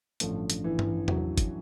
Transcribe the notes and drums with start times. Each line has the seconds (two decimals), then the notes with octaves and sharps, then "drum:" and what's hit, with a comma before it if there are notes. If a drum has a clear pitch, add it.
0.20 A1 G2 D3 F3 A3, drum: hi-hat
0.50 drum: hi-hat
0.64 E3 E4
0.79 drum: tom G2
1.08 F#3 F#4, drum: tom E2
1.38 drum: kick, hi-hat